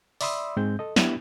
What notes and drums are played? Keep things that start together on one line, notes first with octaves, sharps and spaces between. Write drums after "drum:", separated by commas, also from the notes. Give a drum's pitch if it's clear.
D5 E5 B5 C6 D#6 E6, drum: open hi-hat
G#2 G#3 C4 G6
A4 D#5
B3 D4 E4 G4 B4, drum: snare